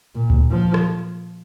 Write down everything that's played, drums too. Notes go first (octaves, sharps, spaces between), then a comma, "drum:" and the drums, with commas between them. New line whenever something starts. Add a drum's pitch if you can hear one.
A#2
drum: kick C#2
F3
drum: rim click